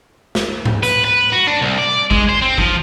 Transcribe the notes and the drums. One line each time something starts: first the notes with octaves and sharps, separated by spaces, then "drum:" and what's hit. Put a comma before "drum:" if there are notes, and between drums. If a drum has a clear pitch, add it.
drum: snare
drum: tom G#2
B4, drum: hi-hat
B4
F#4
D4
C2
D5
G#3, drum: kick A1
C5
C4
F3, drum: kick A1